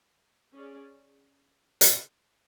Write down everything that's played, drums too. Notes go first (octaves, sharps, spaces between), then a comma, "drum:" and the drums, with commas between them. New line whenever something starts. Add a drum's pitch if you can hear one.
C#4 G#4 D5
drum: hi-hat